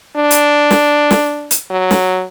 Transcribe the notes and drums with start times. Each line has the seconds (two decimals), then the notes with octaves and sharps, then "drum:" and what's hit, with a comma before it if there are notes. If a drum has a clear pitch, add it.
0.17 D4
0.31 drum: hi-hat
0.71 drum: snare
1.11 drum: snare
1.51 drum: hi-hat
1.71 F#3
1.91 drum: snare